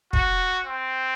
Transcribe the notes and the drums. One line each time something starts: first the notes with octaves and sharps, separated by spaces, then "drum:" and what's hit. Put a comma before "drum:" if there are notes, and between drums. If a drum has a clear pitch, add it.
F#4, drum: kick
C4